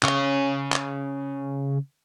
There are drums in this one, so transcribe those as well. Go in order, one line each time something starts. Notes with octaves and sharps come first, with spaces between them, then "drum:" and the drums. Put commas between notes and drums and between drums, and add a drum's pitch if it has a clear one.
C#3 C#5, drum: clap
drum: clap